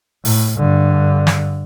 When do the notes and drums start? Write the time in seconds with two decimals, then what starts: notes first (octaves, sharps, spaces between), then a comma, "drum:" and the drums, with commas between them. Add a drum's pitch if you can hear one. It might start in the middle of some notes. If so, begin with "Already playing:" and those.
0.25 A2, drum: open hi-hat
0.58 G2 D3
1.27 drum: snare